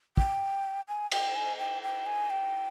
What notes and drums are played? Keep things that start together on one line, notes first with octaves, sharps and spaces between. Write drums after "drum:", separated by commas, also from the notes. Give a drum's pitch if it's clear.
G5, drum: kick
G#5
G5, drum: cymbal
G#5
G5
G5
G#5
G5